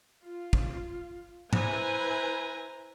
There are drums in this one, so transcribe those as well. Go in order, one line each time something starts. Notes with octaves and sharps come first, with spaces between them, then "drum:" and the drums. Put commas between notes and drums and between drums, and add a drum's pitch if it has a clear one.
F4
drum: kick
E4 B4 C5 G#5 A#5, drum: tom G#2